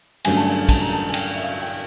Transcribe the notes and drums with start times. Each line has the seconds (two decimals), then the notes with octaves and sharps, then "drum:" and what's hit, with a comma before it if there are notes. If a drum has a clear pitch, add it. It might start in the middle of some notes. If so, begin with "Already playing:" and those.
0.25 G2 D3 F#3 A3 C#4 G#5, drum: cymbal
0.37 A5
0.46 G#5
0.69 A5, drum: kick, cymbal
0.81 A#5
0.93 A5
1.09 G#5
1.14 G5, drum: cymbal
1.36 E5
1.43 F5
1.62 G5